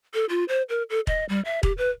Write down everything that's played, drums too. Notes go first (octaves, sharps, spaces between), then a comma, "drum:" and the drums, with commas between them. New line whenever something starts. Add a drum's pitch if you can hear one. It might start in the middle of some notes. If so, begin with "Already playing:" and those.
A4
F4
C5
A#4
A4
D#5, drum: kick E1
G3
E5
G4, drum: kick E1
B4